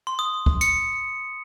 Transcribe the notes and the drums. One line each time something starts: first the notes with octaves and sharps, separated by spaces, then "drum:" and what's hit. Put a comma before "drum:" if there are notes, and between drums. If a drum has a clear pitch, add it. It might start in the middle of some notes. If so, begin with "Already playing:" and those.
C6
D#6
drum: kick
C#7, drum: tambourine